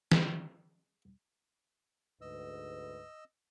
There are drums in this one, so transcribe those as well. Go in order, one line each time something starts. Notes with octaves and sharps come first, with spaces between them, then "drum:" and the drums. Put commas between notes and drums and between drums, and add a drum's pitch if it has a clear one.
G#3, drum: snare
D2 G#2 B4 D#5 E6